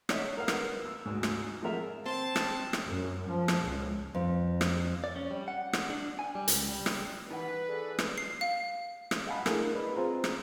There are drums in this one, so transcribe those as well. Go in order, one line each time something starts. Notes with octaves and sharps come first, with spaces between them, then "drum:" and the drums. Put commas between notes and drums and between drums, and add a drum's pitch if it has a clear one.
D#4 C#5 D#5 E5, drum: rim click
A#4 B4 F5 F#5
drum: rim click
E6
D2 G#2
drum: rim click
F3 G#3 C4 F4 A#4 E5
C4 A5 C6
drum: rim click
drum: rim click
F#2
F3
drum: rim click
C#2
F2
drum: rim click
D5
C#4
G3
F#5
drum: rim click
D4
G#5
G3
C#2, drum: hi-hat
G3
drum: rim click
E3 D#4 B4 F#5
G#4 A4 D5
drum: rim click
C7
F5
drum: rim click
D#5 F5 F#5 G#5 A5 B5
A3 D4 E4 G#4 A#4, drum: rim click
B4 D5 D#5 B5
C4 F4 G#4 C5 A#5
drum: rim click